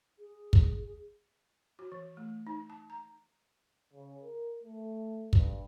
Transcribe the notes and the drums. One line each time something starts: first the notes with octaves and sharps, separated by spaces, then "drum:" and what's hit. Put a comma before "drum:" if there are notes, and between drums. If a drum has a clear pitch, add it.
G#4
drum: kick
F#4
E3
A3
D#4
A5
A#5
C#3
A#4
A3
G2, drum: kick